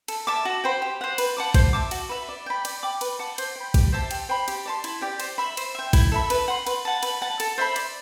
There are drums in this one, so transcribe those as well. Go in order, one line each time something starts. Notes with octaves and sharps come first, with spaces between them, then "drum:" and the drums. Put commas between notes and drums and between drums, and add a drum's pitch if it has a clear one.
A4, drum: cymbal
E5 A5 D6
F#4
C5 G5 B5
G4
C5 F#5
B4, drum: cymbal
F#5 A5 D6
C5, drum: kick, cymbal
E5 A5 D6
F#4, drum: cymbal
B4 E5 B5
D5
G5 B5
D5, drum: cymbal
G5 B5 D6
B4, drum: cymbal
F#5 A5 D6
C5, drum: cymbal
G5 B5
G4, drum: kick, cymbal
C5 E5 A5
G4, drum: cymbal
C5 G5 B5
G4, drum: cymbal
D5 A5 C6
E4, drum: cymbal
G4 D5 G5
C5, drum: cymbal
E5 B5
C5, drum: cymbal
E5 G5
E4, drum: kick, cymbal
A4 E5 B5
B4, drum: cymbal
F#5 C6
B4, drum: cymbal
F#5 A5
B4, drum: cymbal
F#5 A5
A4, drum: cymbal
C5 E5 B5
D5, drum: cymbal